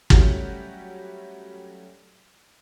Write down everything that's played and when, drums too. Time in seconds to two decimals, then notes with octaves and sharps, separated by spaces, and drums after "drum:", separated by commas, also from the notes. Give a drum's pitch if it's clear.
0.10 F#3 G3 A3 C#4 F#4 G4, drum: kick